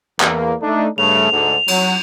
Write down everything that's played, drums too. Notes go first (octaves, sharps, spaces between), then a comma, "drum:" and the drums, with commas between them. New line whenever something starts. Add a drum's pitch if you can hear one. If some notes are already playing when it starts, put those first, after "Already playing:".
E2 A#3, drum: clap
A3 D4 D#4
G2 C#3 A3 F7
D2 G#2 D3
F#3, drum: cymbal